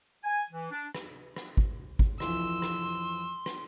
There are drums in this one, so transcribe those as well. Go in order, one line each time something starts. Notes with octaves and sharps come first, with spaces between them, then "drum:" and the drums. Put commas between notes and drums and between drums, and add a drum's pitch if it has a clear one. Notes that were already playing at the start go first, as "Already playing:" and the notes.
G#5
E3
D4
drum: rim click
drum: rim click
drum: kick
drum: kick
F2 E3 F3 C6 E6, drum: rim click
drum: rim click
drum: rim click